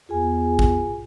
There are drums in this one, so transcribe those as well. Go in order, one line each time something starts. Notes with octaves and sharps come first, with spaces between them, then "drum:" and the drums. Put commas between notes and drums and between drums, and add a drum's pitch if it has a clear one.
E2 F4 G#4 G#5
drum: kick G#1